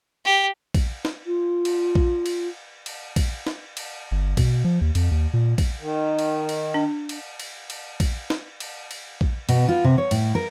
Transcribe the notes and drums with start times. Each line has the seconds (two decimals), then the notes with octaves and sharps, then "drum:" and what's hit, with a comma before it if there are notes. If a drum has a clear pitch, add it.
0.25 G4
0.74 drum: kick A#1, cymbal
1.05 drum: snare
1.26 F4
1.65 drum: cymbal
1.95 drum: kick A#1
2.26 drum: cymbal
2.86 drum: cymbal
3.16 drum: kick A#1, cymbal
3.47 drum: snare
3.77 drum: cymbal
4.11 G1
4.37 B2, drum: kick A#1, cymbal
4.64 F3
4.81 D#2
4.95 F2, drum: cymbal
5.11 D#2
5.33 A#2
5.58 drum: kick A#1, cymbal
5.81 D#3
6.19 drum: cymbal
6.49 drum: cymbal
6.74 D4
7.09 drum: cymbal
7.40 drum: cymbal
7.70 drum: cymbal
8.00 drum: kick A#1, cymbal
8.30 drum: snare
8.60 drum: cymbal
8.91 drum: cymbal
9.21 drum: kick A#1
9.49 B2, drum: cymbal
9.68 F4
9.84 C3
9.98 C#5
10.11 A2, drum: cymbal
10.35 A#4